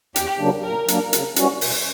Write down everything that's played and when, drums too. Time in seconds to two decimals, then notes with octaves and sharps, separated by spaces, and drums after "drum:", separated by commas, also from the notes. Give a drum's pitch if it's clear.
0.16 E2 G4, drum: hi-hat
0.39 C#3 F#3 A#3 D4
0.64 A#2 A#4
0.88 F#3 A#3 D4, drum: hi-hat
1.13 C#3, drum: hi-hat
1.36 E3 G3 C#4 F#4, drum: hi-hat
1.61 B2, drum: open hi-hat